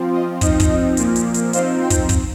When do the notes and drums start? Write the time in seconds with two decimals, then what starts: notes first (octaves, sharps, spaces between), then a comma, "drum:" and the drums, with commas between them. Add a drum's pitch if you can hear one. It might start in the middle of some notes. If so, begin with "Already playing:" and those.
Already playing: F3 C4 F4
0.13 D#5
0.41 F3 C4 D#4 D#5, drum: kick, hi-hat
0.60 drum: kick, hi-hat
0.97 A#2 F3 A#3, drum: hi-hat
1.16 drum: hi-hat
1.34 drum: hi-hat
1.53 F3 C4 D#4 C5 F5, drum: hi-hat
1.80 G5 C6
1.90 drum: kick, hi-hat
2.09 drum: kick, hi-hat